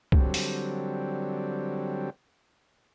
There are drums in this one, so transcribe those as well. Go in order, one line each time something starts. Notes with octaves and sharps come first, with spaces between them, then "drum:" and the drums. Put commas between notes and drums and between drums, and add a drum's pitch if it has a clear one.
D3 F#3 G3 C4, drum: kick
drum: open hi-hat